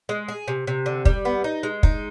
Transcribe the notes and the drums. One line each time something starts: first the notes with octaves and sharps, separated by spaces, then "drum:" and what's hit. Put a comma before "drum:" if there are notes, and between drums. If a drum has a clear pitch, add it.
G#3
G#4
C3
C3
D3
G3, drum: kick
B3
D#4
G#3
D#4, drum: kick